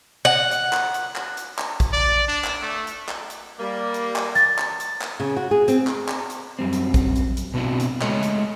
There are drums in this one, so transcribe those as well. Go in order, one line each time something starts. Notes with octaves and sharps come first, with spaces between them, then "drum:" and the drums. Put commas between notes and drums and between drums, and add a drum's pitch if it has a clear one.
F#5
drum: hi-hat
drum: clap
drum: hi-hat
drum: clap
drum: hi-hat
drum: clap
drum: kick A#1, hi-hat
D5
D4
drum: clap
A3
drum: hi-hat
drum: clap
drum: hi-hat
G3 A#3
drum: hi-hat
drum: clap
A6, drum: hi-hat
drum: clap
drum: hi-hat
drum: clap
C#3
F#4
G#4
C4, drum: hi-hat
drum: clap
drum: clap
drum: hi-hat
F#2 G3 C4
drum: hi-hat
drum: kick A#1, hi-hat
drum: hi-hat
drum: hi-hat
B2 B3 C4 D4 E4 F#4
drum: hi-hat
G#3 A3 A4 C#5 D#5, drum: clap
drum: hi-hat